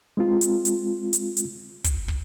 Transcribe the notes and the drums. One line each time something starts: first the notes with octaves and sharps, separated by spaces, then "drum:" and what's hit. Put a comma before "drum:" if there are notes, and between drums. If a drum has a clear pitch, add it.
G#3 C4 F4
drum: hi-hat
drum: hi-hat
drum: hi-hat
drum: hi-hat
drum: kick, hi-hat
drum: kick